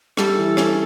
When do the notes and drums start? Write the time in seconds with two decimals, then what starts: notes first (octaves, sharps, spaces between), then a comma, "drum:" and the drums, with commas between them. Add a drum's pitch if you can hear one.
0.17 G3 A4, drum: rim click
0.37 E3
0.57 C#4, drum: rim click